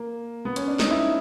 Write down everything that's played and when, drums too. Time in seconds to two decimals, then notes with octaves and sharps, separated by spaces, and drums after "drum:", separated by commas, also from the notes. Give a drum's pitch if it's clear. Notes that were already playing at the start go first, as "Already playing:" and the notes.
Already playing: A#3
0.45 B3
0.56 C#4, drum: hi-hat
0.68 D4
0.80 D#4, drum: snare
0.91 E4